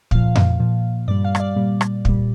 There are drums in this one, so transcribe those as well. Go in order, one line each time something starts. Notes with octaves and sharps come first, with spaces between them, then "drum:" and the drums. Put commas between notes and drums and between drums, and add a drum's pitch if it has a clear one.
A#2 F3 F5, drum: kick
drum: tom F2
A#2 F3
G2 G3 D5
F5
F5, drum: rim click
D5
A#2 G3
drum: rim click
A#2 G3, drum: kick